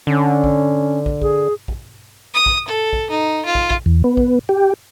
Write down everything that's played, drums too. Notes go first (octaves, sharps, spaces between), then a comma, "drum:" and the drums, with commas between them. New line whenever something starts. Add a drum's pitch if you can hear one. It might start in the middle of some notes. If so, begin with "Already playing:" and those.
D3 C#4
drum: kick
drum: kick
G#4, drum: kick
drum: kick
D#6
drum: kick
A4
drum: kick
D#4
F4
drum: kick
drum: kick
E2
B3
drum: kick
G4